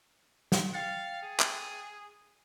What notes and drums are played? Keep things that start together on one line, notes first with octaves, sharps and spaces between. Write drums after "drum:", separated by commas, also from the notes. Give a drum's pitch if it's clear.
drum: snare
F5 G5 A6 C#7
G#4
drum: clap